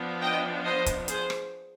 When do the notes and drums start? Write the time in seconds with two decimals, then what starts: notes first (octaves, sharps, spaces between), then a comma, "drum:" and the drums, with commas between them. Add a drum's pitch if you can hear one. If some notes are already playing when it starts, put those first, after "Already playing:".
Already playing: F3 B3 D4
0.21 D#5 G5
0.65 C5 D#5
0.86 drum: kick, hi-hat
1.08 G#4 C5, drum: hi-hat
1.30 drum: rim click